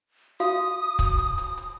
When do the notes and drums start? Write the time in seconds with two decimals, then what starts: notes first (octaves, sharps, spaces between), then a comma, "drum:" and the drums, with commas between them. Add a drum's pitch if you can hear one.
0.40 F#4 F5 D#6, drum: hi-hat
0.99 drum: kick C#1, hi-hat
1.18 drum: hi-hat
1.38 drum: hi-hat
1.58 drum: hi-hat